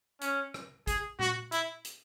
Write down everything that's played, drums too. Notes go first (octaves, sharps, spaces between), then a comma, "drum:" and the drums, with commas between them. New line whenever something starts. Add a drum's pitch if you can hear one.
C#4, drum: hi-hat
drum: rim click
G#4, drum: kick A1, hi-hat
F#4, drum: tom A#2
E4, drum: hi-hat
drum: hi-hat